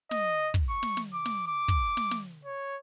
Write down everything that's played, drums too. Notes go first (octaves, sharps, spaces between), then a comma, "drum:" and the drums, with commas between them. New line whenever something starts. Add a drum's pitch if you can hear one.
D#5, drum: snare
drum: kick
C#6
drum: snare
drum: snare
D6
drum: snare
D6
drum: kick
drum: snare
drum: snare
C#5